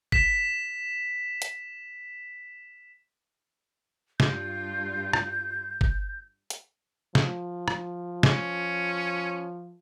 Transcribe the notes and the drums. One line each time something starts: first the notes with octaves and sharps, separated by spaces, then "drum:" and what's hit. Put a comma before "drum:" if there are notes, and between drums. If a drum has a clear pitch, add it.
B6 E7, drum: kick G1
drum: hi-hat
G2 F4 G6, drum: snare
drum: rim click
drum: kick G1
drum: hi-hat
F3, drum: snare
drum: rim click
C#4, drum: snare